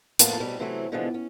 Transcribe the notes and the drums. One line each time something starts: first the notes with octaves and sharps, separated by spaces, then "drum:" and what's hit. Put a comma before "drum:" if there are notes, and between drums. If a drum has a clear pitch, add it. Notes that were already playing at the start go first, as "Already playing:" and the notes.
F2 A2 A#3 B3 F4 A5, drum: hi-hat
B2 G3 C4
C3 E3 F#3 A3 C4
B2 D3 E3 F3 G#3 B3
C#4